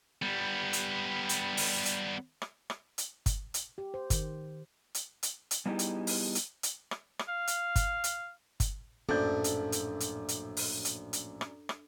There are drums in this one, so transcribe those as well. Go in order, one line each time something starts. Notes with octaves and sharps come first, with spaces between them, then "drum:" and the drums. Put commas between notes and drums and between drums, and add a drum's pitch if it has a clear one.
G3 B3
drum: hi-hat
drum: hi-hat
drum: open hi-hat
drum: hi-hat
drum: rim click
drum: rim click
drum: hi-hat
drum: kick G1, hi-hat
drum: hi-hat
G4
C5
D#3, drum: kick G1, hi-hat
drum: hi-hat
drum: hi-hat
drum: hi-hat
G3 B3 D#4 E4 G4 G#4
drum: hi-hat
drum: open hi-hat
drum: hi-hat
drum: hi-hat
drum: rim click
drum: rim click
F5
drum: hi-hat
drum: kick G1, hi-hat
drum: hi-hat
drum: kick G1, hi-hat
A#1 F#2 A2 D4 A4 D5 G6
drum: hi-hat
drum: hi-hat
drum: hi-hat
drum: hi-hat
drum: open hi-hat
drum: hi-hat
drum: hi-hat
drum: rim click
drum: rim click